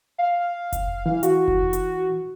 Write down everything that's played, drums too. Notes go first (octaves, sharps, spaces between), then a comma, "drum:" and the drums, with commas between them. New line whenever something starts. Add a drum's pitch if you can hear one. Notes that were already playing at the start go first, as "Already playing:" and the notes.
F5
drum: kick F1, hi-hat
E3
F#4, drum: hi-hat
drum: kick F1
drum: hi-hat